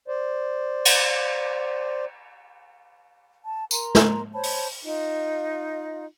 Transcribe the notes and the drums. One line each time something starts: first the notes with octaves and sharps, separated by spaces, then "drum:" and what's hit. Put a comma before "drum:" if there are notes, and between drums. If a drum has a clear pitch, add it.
C5 D5
drum: cymbal
A5
A#4 A#5 C6, drum: tambourine
drum: snare
C5 C#5 A5 B5
drum: open hi-hat
D#4 F4 D#5